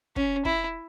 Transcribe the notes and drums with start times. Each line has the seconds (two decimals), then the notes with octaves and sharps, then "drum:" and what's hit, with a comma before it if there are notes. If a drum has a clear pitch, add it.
0.16 C#4, drum: kick
0.45 E4, drum: kick